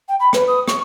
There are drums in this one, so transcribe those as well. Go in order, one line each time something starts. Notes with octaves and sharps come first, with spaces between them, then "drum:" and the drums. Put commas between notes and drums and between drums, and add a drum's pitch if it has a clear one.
G5
B5
B4, drum: rim click
D#6
C#6, drum: rim click